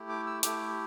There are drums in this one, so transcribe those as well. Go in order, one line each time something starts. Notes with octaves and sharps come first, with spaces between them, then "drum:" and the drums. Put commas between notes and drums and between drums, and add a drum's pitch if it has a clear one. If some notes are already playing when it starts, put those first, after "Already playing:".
Already playing: A3 E4 G4
D6
E6
A3 E4 G4 D6, drum: hi-hat